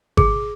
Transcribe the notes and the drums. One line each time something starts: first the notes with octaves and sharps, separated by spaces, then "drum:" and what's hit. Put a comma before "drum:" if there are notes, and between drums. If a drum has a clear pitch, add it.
G#4, drum: kick G#1